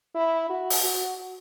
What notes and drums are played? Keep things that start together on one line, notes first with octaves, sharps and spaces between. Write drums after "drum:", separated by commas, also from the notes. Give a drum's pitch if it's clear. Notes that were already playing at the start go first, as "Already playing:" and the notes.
E4
F#4
drum: open hi-hat
F#4